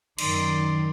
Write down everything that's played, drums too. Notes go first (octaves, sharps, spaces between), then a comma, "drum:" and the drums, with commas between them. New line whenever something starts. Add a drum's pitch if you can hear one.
F#2 D#3 D5 C6, drum: cymbal